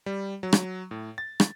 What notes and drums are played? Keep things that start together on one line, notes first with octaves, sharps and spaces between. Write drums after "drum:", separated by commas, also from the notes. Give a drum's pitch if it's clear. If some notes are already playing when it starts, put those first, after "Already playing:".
G3
F#3
drum: rim click
A2
A6
drum: rim click